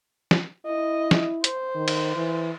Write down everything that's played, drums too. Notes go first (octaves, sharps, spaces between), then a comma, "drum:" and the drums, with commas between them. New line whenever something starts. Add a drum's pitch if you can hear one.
drum: snare
E4 D#5
drum: snare
C5, drum: hi-hat
D#3
drum: cymbal
E3